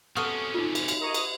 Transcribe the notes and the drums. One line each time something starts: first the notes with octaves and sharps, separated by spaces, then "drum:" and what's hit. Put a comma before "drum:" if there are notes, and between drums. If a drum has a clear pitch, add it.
C3 B3 C#4 F#4 A4 C#6 D#6 F6
D#4 F4
drum: cymbal
drum: cymbal
A#4 C#5 D#5
drum: cymbal